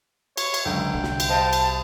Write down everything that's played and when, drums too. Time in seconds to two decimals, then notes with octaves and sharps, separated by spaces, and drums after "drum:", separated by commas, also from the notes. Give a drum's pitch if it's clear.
0.37 C#5, drum: cymbal
0.54 drum: cymbal
0.65 C#2 F#2 D3 G5
0.94 C2 D3
1.03 drum: snare
1.20 drum: cymbal
1.30 C5 D#5 F5 A5
1.53 drum: cymbal